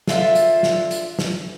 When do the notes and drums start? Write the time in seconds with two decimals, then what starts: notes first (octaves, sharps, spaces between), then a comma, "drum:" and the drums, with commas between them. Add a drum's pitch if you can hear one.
0.07 D3 F4 E5, drum: snare
0.35 drum: hi-hat
0.63 drum: snare
0.91 drum: hi-hat
1.19 drum: snare